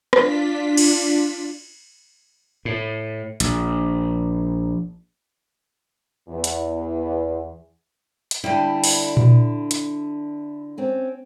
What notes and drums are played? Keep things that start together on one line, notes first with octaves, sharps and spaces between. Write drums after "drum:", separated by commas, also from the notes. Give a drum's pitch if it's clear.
D4 F4 B6, drum: rim click
drum: cymbal
A2
A#1, drum: hi-hat
E2
drum: hi-hat
drum: hi-hat
D3 G3 E4
drum: open hi-hat
drum: tom A#2
drum: hi-hat
C4 C#4